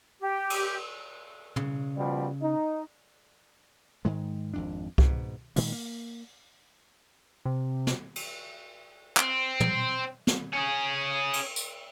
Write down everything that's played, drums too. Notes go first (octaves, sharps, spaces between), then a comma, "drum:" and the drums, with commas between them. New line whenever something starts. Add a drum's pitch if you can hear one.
G4
drum: cymbal
C#3, drum: tom
B2 F3 G3
D#4
G#2 D#3 G#3
G#1 F2 D4
G#2 B2, drum: kick C2
A#2 D#3 G#3 A#3, drum: open hi-hat
A#3
C3
drum: snare
drum: cymbal
C4, drum: clap
drum: tom
drum: snare
C#4 G#4
drum: cymbal
drum: tambourine